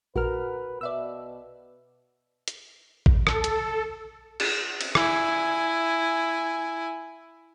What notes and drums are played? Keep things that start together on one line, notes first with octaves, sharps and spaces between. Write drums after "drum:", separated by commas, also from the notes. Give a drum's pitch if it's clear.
A#1 F#4 A#4 B4 F6
B2 D5 E5 E6
drum: hi-hat
drum: kick A1
A4, drum: rim click
drum: hi-hat
drum: cymbal
drum: cymbal
E4 G#5, drum: rim click